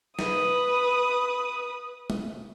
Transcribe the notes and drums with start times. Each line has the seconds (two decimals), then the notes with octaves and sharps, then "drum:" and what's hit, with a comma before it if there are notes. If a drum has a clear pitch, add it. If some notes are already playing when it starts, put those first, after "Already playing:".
0.19 B4 D#6, drum: snare
2.10 drum: tom